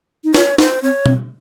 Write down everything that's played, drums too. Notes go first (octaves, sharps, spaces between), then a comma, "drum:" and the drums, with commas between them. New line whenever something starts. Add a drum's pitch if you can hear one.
D#4
F4 C#5, drum: snare
D#4 C5, drum: snare
C4 C#5
C4, drum: tom B2